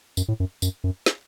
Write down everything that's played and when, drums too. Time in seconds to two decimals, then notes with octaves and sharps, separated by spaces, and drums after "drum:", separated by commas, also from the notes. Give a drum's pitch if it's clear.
0.17 F#2, drum: tambourine
0.28 A2
0.40 F#2
0.62 F#2, drum: tambourine
0.84 F#2
1.06 drum: snare